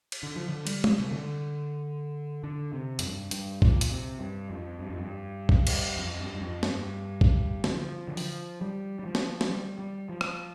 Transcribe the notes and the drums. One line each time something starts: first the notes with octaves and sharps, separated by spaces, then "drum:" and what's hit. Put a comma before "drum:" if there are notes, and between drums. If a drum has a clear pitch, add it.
drum: cymbal
D3
F3
D3
G3, drum: cymbal
drum: tom
C3
D3
D3
C3
F2, drum: hi-hat
G2
G2, drum: hi-hat
A#2, drum: kick
drum: hi-hat
C3
G2
F2
G2
F2
G2
drum: kick
drum: cymbal
F2
G2
G2
F2
G2, drum: snare
drum: kick
D3, drum: snare
F3
D3
F3, drum: open hi-hat
G3
G3
F3
drum: snare
drum: snare
G3
G3
F3
drum: rim click